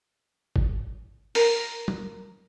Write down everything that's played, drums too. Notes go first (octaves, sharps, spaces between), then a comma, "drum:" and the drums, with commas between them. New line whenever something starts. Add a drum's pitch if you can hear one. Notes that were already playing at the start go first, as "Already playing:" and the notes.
drum: kick G1
A#4, drum: open hi-hat
drum: tom